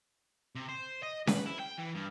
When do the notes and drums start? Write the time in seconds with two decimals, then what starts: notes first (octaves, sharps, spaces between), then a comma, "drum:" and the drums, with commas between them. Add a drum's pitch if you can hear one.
0.55 C3
0.69 C5
1.03 D#5
1.27 B4, drum: snare C#4
1.46 E4
1.59 G5
1.78 E3
1.94 G2